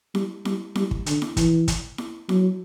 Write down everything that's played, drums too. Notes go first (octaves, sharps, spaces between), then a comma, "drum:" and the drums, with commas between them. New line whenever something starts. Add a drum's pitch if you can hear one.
G3, drum: snare E4
G3, drum: snare E4
G3, drum: snare E4
drum: kick
D3, drum: hi-hat
drum: snare E4
E3, drum: kick, hi-hat
drum: kick, hi-hat
drum: snare E4
F#3, drum: snare E4